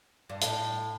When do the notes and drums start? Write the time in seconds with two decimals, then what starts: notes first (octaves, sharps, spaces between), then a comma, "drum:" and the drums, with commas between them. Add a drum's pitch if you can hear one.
0.29 G2
0.42 A2, drum: hi-hat